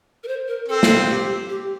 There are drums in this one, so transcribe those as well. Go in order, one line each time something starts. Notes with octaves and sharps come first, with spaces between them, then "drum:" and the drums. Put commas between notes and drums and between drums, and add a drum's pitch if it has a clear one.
A#4
C5
A#4
C4 A4
drum: snare
G4
G4